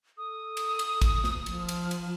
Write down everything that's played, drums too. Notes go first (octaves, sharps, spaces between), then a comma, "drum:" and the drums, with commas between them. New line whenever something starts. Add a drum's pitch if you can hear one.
A4 D#6
drum: cymbal
drum: cymbal
drum: kick, cymbal
drum: snare
F3, drum: cymbal
drum: cymbal
drum: cymbal